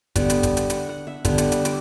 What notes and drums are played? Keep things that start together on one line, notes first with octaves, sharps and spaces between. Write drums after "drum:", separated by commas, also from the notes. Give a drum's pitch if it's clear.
D3 G3 B3 F#5, drum: kick, hi-hat
drum: hi-hat
drum: kick, hi-hat
drum: hi-hat
F#5, drum: hi-hat
F#5
E5
D3 G3 B3 F#5, drum: kick, hi-hat
F#5, drum: hi-hat
E5, drum: hi-hat
D5, drum: hi-hat